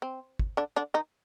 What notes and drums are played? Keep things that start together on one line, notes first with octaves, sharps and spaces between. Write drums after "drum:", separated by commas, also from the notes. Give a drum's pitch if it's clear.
C4
drum: kick
D3 D4
D3 D4
D#3 D#4